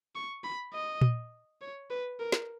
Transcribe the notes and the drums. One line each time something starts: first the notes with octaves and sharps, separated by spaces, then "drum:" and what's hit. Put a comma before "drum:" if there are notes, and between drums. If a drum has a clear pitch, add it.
C#6
B5
D#5
drum: tom A#2
C#5
B4
A#4
drum: snare